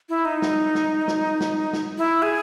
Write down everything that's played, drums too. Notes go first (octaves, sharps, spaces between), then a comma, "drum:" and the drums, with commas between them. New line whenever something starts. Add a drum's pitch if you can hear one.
E4
D#4
drum: snare
drum: snare
drum: snare
drum: snare
drum: snare
E4
G#4